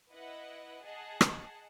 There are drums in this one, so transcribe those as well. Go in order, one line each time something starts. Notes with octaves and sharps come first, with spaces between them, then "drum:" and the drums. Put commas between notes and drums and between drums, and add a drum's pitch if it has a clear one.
E4 B4 D#5 F#5
G#4 D#5 F#5 A5
drum: rim click